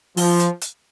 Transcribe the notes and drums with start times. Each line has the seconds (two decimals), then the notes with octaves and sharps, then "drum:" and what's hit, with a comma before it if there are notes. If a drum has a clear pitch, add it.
0.17 F3, drum: open hi-hat
0.40 drum: hi-hat
0.62 drum: hi-hat